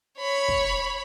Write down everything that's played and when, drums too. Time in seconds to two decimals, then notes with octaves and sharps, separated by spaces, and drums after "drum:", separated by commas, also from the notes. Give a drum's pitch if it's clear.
0.18 C#5 B5
0.48 drum: kick